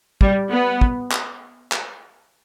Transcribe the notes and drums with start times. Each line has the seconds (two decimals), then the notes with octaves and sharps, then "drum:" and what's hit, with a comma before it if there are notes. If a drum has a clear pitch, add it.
0.21 G3, drum: kick
0.51 B3
0.81 drum: kick
1.12 drum: clap
1.72 drum: clap